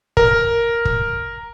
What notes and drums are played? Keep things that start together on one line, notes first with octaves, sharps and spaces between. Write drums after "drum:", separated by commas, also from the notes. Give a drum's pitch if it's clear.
A#4, drum: kick
drum: kick